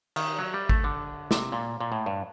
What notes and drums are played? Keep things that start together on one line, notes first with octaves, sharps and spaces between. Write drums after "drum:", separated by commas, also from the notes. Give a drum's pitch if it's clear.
D#3, drum: cymbal
F#3
G3
A3, drum: kick
D3
C3, drum: snare
A#2
A#2
A2
G2